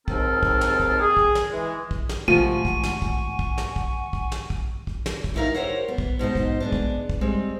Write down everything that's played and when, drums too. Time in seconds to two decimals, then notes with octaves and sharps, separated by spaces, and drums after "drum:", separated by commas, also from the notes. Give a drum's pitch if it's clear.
0.08 D#2 G#2 C4 A4 A#4 F6, drum: kick
0.43 drum: kick
0.61 drum: snare
0.80 drum: kick
1.00 G#4
1.17 drum: kick
1.35 drum: snare
1.50 E3 G#3
1.91 drum: kick
2.09 drum: snare
2.28 G#1 C3 F3 A3 F#5 G#5 C#6 D#7, drum: kick
2.65 drum: kick
2.83 drum: snare
3.02 drum: kick
3.39 drum: kick
3.58 drum: snare
3.76 drum: kick
4.13 drum: kick
4.32 drum: snare
4.50 drum: kick
4.87 drum: kick
5.06 drum: snare
5.24 drum: kick
5.34 D#2 D#3 E4 A4 A#4 F5
5.54 G4 A4 A#4 C5 C#5 F#5
5.88 B3
5.98 drum: kick
6.19 G#2 B2 D#4 C5
6.35 drum: kick
6.60 G#3 B3 D4
6.72 drum: kick
7.10 drum: kick
7.21 G3 G#3 C4